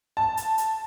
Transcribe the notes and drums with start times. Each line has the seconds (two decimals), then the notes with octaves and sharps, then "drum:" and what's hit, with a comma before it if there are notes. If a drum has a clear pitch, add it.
0.17 A5
0.37 drum: hi-hat
0.58 drum: hi-hat